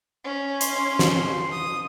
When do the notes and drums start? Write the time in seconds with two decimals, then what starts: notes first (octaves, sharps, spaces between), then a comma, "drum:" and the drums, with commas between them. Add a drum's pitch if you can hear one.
0.24 C#4
0.61 C6, drum: hi-hat
0.99 drum: snare
1.51 D#6